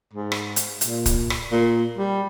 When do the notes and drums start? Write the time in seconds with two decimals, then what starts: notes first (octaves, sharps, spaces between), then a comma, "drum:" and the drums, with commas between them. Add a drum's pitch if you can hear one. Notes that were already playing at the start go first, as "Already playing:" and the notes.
0.14 G#2
0.32 drum: rim click
0.56 drum: hi-hat
0.81 A#2, drum: hi-hat
1.06 drum: kick, hi-hat
1.30 drum: rim click
1.52 A#2
1.98 G3